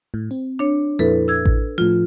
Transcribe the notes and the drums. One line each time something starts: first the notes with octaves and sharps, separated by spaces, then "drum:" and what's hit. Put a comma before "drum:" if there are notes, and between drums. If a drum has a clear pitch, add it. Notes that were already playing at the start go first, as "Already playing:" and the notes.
A2
C4
D4 C#5
F2 A#2 E4 A4 B4
E6 G#6
drum: kick A1
A2 F3 F4